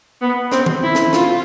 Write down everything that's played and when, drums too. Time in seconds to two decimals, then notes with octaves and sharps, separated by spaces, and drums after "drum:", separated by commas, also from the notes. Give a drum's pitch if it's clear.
0.21 B3
0.52 C4, drum: snare
0.66 drum: tom D#3
0.83 E4
0.95 drum: snare
1.13 F4, drum: snare